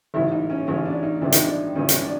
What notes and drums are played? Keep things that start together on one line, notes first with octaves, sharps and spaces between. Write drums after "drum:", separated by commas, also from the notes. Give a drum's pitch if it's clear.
A1 G#2 E3 E4
D#4
C#4
A1 G#2 E3 C#4
D4
D#4
G#1 G2 E3 D4
D#4, drum: hi-hat
D4
G#1 G2 E3 C#4
drum: hi-hat
D4